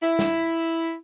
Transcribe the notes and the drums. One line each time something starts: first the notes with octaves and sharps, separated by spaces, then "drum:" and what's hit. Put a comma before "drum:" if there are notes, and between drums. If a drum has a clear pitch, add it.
E4
drum: snare